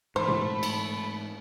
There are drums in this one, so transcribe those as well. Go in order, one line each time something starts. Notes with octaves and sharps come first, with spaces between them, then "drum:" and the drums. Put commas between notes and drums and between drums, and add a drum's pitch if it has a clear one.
G#2 E3 A3 A4 C5 B5
drum: tom A2
drum: cymbal